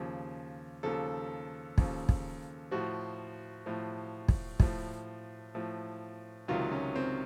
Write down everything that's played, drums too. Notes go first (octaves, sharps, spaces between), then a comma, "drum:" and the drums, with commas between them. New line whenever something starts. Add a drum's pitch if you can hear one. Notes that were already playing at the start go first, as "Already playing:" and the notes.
Already playing: D#2 C#3 F3
D#2 C#3 F3 A4
D#2 C#3 F3, drum: kick
drum: kick
A2 F3 F#4
A2 F3
drum: kick
A2 F3, drum: kick
A2 F3
C#2 C3 D#3 F#3 F4
C#4
C4